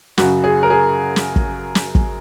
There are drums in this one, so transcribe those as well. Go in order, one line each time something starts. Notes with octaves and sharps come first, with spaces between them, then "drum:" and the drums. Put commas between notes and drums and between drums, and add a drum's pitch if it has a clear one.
F#2 C#3 F#4, drum: snare
G#4
A#4
G#4
drum: snare
drum: kick
drum: snare
drum: kick